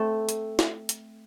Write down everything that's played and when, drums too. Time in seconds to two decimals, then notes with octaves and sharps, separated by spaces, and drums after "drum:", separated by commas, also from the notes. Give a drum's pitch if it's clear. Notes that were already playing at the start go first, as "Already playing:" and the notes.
Already playing: A3 C4 A4
0.29 drum: hi-hat
0.59 drum: snare
0.89 drum: hi-hat